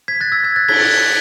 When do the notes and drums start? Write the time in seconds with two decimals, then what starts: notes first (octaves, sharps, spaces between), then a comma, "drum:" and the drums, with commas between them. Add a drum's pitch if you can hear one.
0.08 G#6 B6
0.21 F#6 A6
0.32 E6 G#6
0.44 E6 G#6
0.56 F#6 A6
0.68 G#6 B6, drum: cymbal
0.80 F#6 A6